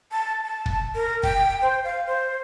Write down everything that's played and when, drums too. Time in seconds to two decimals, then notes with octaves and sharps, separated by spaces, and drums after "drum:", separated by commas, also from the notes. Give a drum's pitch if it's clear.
0.12 A5
0.45 A5
0.66 drum: kick
0.95 A#4
1.23 G5, drum: kick
1.62 C5
1.84 F5
2.07 C5